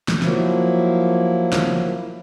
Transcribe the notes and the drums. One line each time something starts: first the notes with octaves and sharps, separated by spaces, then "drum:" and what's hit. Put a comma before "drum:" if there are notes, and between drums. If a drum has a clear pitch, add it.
drum: snare
F3 F#3 A#3 E4, drum: snare
drum: snare